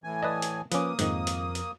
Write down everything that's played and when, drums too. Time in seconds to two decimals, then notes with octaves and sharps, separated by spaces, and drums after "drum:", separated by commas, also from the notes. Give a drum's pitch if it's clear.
0.04 A2 E3 G#5
0.23 B4 D5 D#5 A5 D#6
0.42 drum: hi-hat
0.72 F3 A#3 C#4 B4 D6 D#6, drum: hi-hat
0.99 F2 G#2 D#3 F3, drum: hi-hat
1.27 drum: hi-hat
1.55 drum: hi-hat